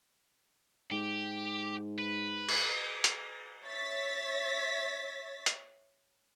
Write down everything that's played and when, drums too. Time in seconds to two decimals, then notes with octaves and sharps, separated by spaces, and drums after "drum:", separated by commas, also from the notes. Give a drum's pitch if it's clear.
0.92 G#2 G4
1.98 B4
2.49 drum: cymbal
3.04 drum: hi-hat
3.66 C#5 E5 A6 B6
5.46 drum: hi-hat